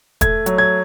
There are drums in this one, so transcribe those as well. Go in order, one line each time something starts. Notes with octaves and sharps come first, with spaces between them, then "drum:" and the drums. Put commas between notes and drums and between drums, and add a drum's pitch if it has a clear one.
A3 G#6, drum: kick, hi-hat
F#3, drum: hi-hat
G#6